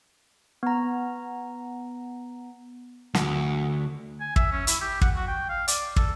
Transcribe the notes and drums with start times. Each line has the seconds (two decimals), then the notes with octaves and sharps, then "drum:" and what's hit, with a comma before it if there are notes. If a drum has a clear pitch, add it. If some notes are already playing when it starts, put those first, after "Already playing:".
0.63 B3 A#5
3.15 D2, drum: snare
4.20 G#5
4.36 E5, drum: kick
4.52 C#4
4.67 E4, drum: hi-hat
4.81 G4
5.01 F#5, drum: kick
5.15 F#4
5.27 G5
5.49 F5
5.68 D5, drum: hi-hat
5.96 A4, drum: kick